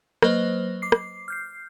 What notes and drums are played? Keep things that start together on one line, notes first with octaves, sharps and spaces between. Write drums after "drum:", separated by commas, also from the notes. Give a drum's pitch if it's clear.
F#3 A#3 B4 C5 D#5, drum: rim click
D6 C7
drum: rim click
F6 G6 C7